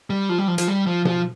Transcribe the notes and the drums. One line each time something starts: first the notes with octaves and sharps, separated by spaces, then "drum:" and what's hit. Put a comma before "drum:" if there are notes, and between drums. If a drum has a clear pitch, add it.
G3
F3
G3
F3
F3, drum: hi-hat
G3
F3
F3, drum: tom B2